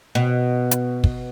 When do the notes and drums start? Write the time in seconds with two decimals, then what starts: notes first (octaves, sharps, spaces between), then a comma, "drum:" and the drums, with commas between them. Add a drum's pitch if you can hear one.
0.15 B2
0.71 drum: hi-hat
1.04 drum: kick